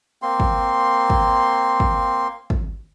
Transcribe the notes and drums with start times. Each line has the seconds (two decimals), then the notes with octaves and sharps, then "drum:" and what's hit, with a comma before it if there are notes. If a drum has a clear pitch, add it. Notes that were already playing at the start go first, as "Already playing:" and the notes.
0.22 A#3 C4 C6
0.40 drum: kick
1.10 drum: kick
1.80 drum: kick
2.50 drum: kick